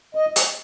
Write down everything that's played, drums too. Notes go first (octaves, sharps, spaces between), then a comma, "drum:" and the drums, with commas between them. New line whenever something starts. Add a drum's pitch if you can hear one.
D#5
drum: hi-hat